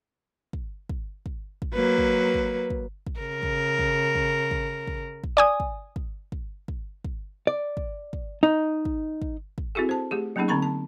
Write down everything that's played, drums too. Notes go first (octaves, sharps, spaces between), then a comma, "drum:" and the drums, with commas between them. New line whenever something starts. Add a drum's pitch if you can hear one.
drum: kick
drum: kick
drum: kick
drum: kick
F#3 A#3 B4
drum: kick
drum: kick
drum: kick
drum: kick
C#3 A#4
drum: kick
drum: kick
drum: kick
drum: kick
drum: kick
drum: kick
D5 G#5 D#6
drum: kick
drum: kick
drum: kick
drum: kick
drum: kick
D5
drum: kick
drum: kick
D#4
drum: kick
drum: kick
drum: kick
C4 E4 F#4 G#4 A4
C5 A5
A3 G4 G#4
F#3 A#3 B3 C#4 D#4 G#4
D3 C4 A#5 B5 C#6
A5